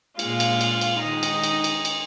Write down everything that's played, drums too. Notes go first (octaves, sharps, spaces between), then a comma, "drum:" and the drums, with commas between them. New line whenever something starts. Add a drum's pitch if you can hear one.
A#2 G#3 F4 F5, drum: cymbal
drum: cymbal
drum: cymbal
drum: cymbal
D#3 G#3 D#4 D#5
drum: cymbal
drum: cymbal
drum: cymbal
drum: cymbal